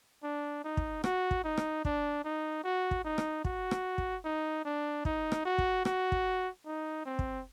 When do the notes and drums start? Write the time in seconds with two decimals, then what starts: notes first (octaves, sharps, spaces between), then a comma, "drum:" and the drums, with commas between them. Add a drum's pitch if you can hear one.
0.24 D4
0.64 D#4
0.77 drum: kick
1.04 F#4, drum: rim click
1.31 drum: kick
1.44 D#4
1.57 drum: rim click
1.85 D4, drum: kick
2.24 D#4
2.64 F#4
2.91 drum: kick
3.05 D#4
3.18 drum: rim click
3.45 F#4, drum: kick
3.71 drum: rim click
3.98 drum: kick
4.25 D#4
4.65 D4
5.05 D#4, drum: kick
5.32 drum: rim click
5.45 F#4
5.58 drum: kick
5.85 F#4, drum: rim click
6.12 drum: kick
6.66 D#4
7.06 C4
7.19 drum: kick